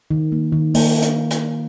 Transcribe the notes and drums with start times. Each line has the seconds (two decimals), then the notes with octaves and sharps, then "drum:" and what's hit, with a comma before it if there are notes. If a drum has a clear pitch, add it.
0.11 D#3
0.32 A#3
0.52 D#3
0.75 A#3, drum: open hi-hat
1.02 drum: hi-hat
1.30 drum: hi-hat